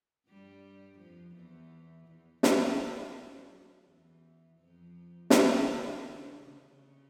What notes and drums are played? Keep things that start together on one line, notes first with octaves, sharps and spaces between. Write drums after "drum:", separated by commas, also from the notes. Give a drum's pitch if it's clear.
G2 G3
F2 F3
E2 E3
E2 E3
F2 F3, drum: snare
F#2 F#3
E2 E3
F2 F3
E2 E3, drum: snare
D3
C#3
C#3